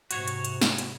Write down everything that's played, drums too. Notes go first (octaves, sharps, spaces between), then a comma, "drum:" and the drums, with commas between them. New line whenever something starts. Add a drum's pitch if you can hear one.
G#2 C3 F#4 C#5, drum: hi-hat
drum: hi-hat
drum: hi-hat
drum: snare
drum: hi-hat